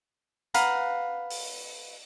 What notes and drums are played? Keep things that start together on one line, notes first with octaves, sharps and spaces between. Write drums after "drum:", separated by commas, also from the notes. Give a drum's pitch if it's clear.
B4 F5 F#5 A#5, drum: hi-hat
drum: open hi-hat